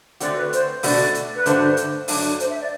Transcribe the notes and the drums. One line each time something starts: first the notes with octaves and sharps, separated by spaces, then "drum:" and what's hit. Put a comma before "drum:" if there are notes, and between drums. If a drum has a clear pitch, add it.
D3 A3 C4 F#4 D5, drum: hi-hat
B4
C5, drum: hi-hat
B2 A3 D4 F#4 D5, drum: open hi-hat
drum: hi-hat
B4
G2 D3 A3 D4 F#4 C5, drum: hi-hat
drum: hi-hat
G2 F#3 A3 D4, drum: open hi-hat
C5, drum: hi-hat
E5
D5